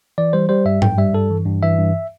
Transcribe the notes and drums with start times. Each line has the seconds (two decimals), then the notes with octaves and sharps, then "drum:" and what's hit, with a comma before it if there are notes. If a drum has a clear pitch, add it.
0.18 E3 D5
0.33 G3 C5
0.49 G3 C5
0.65 G2 E5
0.82 G2 G5, drum: tom G#2
0.98 G3 E5
1.13 G2 A4
1.31 E3
1.46 G2
1.62 E3 E5
1.78 G2